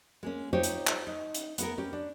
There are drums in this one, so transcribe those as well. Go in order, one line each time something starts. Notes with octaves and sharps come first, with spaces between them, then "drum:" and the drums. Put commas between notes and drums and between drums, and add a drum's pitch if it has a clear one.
G#3 A#3 C#4
D#4 F4 G4 C5 C#5
drum: hi-hat
drum: clap
D#4
drum: hi-hat
B3 G#4 A#4, drum: hi-hat
C#4 G4
D4